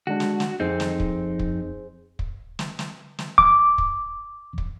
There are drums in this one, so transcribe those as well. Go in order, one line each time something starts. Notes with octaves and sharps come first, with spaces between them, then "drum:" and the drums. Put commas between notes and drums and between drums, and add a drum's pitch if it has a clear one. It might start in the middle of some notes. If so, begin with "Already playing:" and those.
D3 G#3 D4 F#4
drum: snare
drum: snare
F2 C4 D#4 G#4 C5
drum: snare
drum: kick
drum: kick
drum: kick
drum: snare
drum: snare
drum: snare
D6, drum: kick
drum: kick
drum: kick